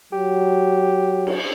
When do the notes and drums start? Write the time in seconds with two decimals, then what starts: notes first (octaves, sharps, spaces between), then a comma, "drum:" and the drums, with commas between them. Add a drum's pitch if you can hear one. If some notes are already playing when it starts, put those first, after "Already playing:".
0.13 F#3 G4
1.27 drum: cymbal